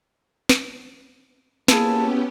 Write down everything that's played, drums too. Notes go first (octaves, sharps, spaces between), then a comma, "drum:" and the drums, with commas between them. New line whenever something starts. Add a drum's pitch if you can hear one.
drum: snare
A#3 B3 C#4 E4 F4 G4 G#4 A5, drum: snare